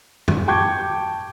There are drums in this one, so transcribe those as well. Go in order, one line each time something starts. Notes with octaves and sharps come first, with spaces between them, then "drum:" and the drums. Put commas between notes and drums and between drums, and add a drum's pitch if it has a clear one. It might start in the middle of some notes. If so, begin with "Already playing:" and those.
drum: tom F#2
G5 A5 C#6 D6 G6 G#6